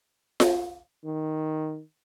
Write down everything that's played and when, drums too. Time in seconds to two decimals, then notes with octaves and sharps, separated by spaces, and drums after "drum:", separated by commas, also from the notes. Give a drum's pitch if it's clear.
0.40 drum: snare F4
1.05 D#3